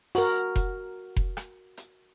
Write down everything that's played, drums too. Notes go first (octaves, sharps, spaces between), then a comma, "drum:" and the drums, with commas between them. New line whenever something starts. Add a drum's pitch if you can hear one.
F#4 A#4, drum: open hi-hat
drum: kick F1, hi-hat
drum: kick F1
drum: rim click
drum: hi-hat